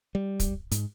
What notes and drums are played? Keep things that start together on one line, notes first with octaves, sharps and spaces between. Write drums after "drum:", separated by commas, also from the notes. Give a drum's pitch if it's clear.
G3
drum: kick, hi-hat
G#2, drum: hi-hat